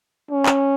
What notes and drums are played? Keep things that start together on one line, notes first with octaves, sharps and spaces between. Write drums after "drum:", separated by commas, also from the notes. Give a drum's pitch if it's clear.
C#4
drum: clap